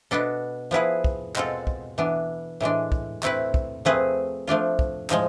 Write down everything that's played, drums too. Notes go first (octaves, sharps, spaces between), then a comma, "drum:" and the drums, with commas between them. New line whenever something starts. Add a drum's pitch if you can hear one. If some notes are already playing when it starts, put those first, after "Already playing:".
B2 B3 D4 A4
F3 B3 E4 G#4 B4
drum: kick
B2 G#3 C4 F4 A4, drum: clap
drum: kick
E3 B3 D4
A2 E3 G#3 D4
drum: kick
A3 C4 E4 B4, drum: clap
drum: kick
F3 A3 C4 G#4 B4
F3 A3 D4 F4
drum: kick
A2 F3 G#3, drum: clap